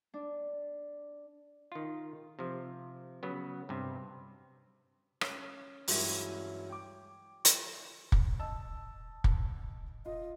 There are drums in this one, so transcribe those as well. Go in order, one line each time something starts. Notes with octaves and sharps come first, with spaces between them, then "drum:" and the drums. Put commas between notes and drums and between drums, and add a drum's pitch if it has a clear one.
D4
D#3 F4
C3 F3
C#3 F#3 B3
G2 C3
C#4 G7, drum: rim click
G2 E3 F#3 G#3 C#4 E4, drum: open hi-hat
G5 D6
drum: hi-hat
drum: kick
D#5 A5 E6
drum: kick
F4 D#5